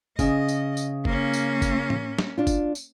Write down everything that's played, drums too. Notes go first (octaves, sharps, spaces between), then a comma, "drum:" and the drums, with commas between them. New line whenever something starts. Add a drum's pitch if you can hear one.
C#3 D#5, drum: kick, tambourine
drum: tambourine
drum: tambourine
A#3 C#4, drum: kick
drum: tambourine
drum: kick, tambourine
drum: tom A2
drum: snare
D4 F4
drum: kick, tambourine
drum: tambourine